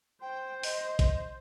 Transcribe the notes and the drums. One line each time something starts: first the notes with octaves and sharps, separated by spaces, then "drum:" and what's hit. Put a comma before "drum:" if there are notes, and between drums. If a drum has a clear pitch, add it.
C5 G5
D#5, drum: open hi-hat
drum: kick, hi-hat